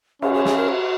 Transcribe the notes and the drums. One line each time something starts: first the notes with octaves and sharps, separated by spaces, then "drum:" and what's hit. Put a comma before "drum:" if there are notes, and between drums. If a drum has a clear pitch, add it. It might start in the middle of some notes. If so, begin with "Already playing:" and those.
C#4 G#4, drum: cymbal
G#4
G#4, drum: snare
A#4
F#4